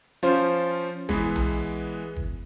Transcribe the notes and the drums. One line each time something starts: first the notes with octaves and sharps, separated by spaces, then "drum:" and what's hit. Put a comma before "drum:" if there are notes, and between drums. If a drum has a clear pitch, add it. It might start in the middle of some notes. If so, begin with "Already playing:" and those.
F3 C#4 F4 C5
E3 G#3 B3, drum: kick
drum: tom B1
drum: kick